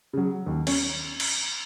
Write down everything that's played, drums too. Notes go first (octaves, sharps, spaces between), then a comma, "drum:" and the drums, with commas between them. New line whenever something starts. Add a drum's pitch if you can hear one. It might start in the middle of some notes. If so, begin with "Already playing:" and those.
C#3 F#3
D#2
C#4, drum: cymbal
drum: cymbal